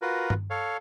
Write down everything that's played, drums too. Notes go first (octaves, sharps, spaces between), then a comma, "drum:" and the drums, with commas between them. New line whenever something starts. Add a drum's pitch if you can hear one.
F4 F#4 A#4 B4
drum: tom G2
A4 C#5 F5